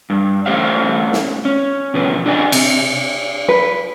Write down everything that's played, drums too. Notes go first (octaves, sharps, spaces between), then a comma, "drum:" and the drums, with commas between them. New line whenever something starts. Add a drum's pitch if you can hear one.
G2
A3 C#4 G4 C5 E5 F5
drum: snare
C#4
B2 F3 B4
D4 G4 D5 D#5 F5 G#5
C3, drum: cymbal
B4